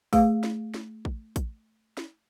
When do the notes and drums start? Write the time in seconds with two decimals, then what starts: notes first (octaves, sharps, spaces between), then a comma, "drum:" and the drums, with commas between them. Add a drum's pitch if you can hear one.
0.13 A3 G#4 F5, drum: kick, open hi-hat
0.43 drum: snare
0.74 drum: snare
1.05 drum: kick
1.36 drum: kick, hi-hat
1.97 drum: snare